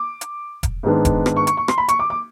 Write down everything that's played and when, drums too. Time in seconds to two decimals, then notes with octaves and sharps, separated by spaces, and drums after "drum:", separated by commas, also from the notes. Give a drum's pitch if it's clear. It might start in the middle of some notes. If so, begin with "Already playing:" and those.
Already playing: D6
0.21 drum: hi-hat
0.63 drum: kick E1, hi-hat
0.83 G#2 D#3 G#3 B3 D4
1.05 drum: kick E1, hi-hat
1.26 drum: rim click
1.37 C#6
1.47 C#6, drum: hi-hat
1.57 C#6
1.68 C6, drum: rim click
1.78 B5
1.88 C#6, drum: hi-hat
1.99 D6
2.10 D6